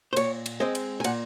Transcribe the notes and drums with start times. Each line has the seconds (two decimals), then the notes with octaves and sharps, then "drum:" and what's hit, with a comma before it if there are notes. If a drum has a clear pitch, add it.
0.13 C5
0.16 A#2 C#5, drum: cymbal
0.46 drum: cymbal
0.60 G#3 C4 D#5
0.75 drum: cymbal
1.00 G#5
1.04 A#2 F#5, drum: cymbal